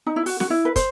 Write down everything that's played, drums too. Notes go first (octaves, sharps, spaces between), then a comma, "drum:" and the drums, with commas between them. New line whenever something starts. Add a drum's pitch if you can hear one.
D#4
E4
F#4, drum: open hi-hat
F#4, drum: snare
E4
B4
C5, drum: kick, hi-hat